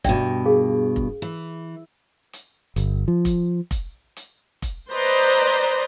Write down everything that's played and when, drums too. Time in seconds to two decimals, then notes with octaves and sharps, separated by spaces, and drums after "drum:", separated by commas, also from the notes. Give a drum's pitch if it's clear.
0.04 G2 B2 D5 E5 G5, drum: kick F1, hi-hat
0.45 G#4 A#4 F5
0.96 drum: kick F1
1.22 E3
2.33 drum: hi-hat
2.76 G1, drum: hi-hat
3.08 F3
3.25 drum: kick F1, hi-hat
3.71 drum: kick F1, hi-hat
4.17 drum: hi-hat
4.62 drum: kick F1, hi-hat
4.91 B4 C5 D5 D#5 A#5